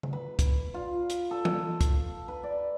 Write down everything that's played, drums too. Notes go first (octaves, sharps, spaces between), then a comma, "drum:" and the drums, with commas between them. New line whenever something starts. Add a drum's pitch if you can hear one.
drum: tom C#3
B4
drum: kick, hi-hat
F4
drum: hi-hat
A4
drum: tom E3
drum: kick, hi-hat
B4
D5